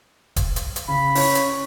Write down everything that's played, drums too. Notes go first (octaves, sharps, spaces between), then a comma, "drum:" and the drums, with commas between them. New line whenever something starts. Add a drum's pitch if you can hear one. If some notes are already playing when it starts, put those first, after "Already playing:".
drum: kick D#1, hi-hat
drum: hi-hat
drum: hi-hat
C#3 B5
C#4 C#5, drum: open hi-hat
drum: hi-hat